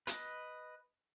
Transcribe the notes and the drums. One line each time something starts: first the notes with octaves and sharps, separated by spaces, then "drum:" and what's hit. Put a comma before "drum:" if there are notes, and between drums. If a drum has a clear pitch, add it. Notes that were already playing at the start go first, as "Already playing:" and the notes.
B4 D#5, drum: hi-hat